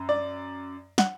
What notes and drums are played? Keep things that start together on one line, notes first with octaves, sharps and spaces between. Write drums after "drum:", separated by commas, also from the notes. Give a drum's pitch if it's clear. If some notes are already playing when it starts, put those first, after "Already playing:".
Already playing: F#2
D5
F#5, drum: snare